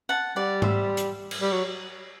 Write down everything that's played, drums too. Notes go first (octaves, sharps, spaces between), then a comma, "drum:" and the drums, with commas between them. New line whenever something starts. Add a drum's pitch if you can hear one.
F#5 A5
G3 D5 F#5
C5 E5, drum: tom G#2
drum: hi-hat
drum: cymbal
G3
F#3